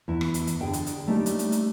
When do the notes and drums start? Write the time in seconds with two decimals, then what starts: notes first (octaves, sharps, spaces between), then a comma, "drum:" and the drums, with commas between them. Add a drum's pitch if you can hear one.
0.08 E2 E4
0.21 drum: rim click
0.34 drum: hi-hat
0.47 drum: hi-hat
0.61 D3 G#4 G5
0.73 drum: hi-hat
0.87 drum: hi-hat
1.07 G3 A3 A#3 C#4 D#4 G4
1.26 drum: hi-hat
1.39 drum: hi-hat
1.52 drum: hi-hat